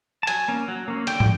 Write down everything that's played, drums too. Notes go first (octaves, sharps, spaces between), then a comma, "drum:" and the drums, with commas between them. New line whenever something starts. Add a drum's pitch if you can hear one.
A5
F#3 G#5, drum: hi-hat
A#3 C#4
F#3
A#3 C#4
D3 G5, drum: hi-hat
drum: tom